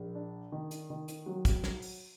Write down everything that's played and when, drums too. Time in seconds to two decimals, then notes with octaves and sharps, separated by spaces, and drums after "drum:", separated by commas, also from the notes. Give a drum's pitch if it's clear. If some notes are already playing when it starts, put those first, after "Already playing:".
Already playing: A#1
0.15 D4
0.52 D#3
0.71 drum: hi-hat
0.90 D#3
1.08 drum: hi-hat
1.26 F#3
1.45 drum: kick, hi-hat
1.64 drum: snare
1.82 drum: open hi-hat